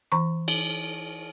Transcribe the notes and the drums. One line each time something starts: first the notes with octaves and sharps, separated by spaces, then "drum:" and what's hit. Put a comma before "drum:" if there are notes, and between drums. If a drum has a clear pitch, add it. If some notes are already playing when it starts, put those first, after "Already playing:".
E3 A#5 C#6
drum: cymbal